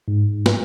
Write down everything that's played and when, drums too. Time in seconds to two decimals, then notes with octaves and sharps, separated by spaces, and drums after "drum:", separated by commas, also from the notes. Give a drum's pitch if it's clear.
0.08 G#2
0.46 drum: snare